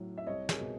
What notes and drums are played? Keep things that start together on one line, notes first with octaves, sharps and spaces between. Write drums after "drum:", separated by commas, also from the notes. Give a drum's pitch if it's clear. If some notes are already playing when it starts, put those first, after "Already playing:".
Already playing: A2 F#3
E5
C2 C#5 D#5
G#4 A#4, drum: snare
B2